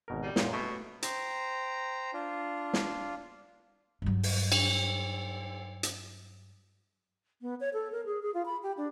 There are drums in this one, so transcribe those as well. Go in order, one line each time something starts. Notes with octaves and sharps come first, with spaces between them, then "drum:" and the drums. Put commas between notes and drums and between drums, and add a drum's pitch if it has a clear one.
G#1 B2 A#4
G3
F#2 A#2, drum: snare
B2 A3
C5 G5 A#5, drum: hi-hat
D4 F4
drum: snare
G2 F#3
drum: open hi-hat
drum: cymbal
drum: hi-hat
B3
C#5
A4
A#4
G#4
G#4
F4
B5
G4
D4